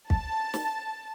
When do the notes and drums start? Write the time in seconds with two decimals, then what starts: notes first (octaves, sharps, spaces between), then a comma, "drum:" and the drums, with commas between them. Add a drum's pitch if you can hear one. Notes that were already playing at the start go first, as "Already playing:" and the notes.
0.10 A5, drum: kick
0.54 drum: snare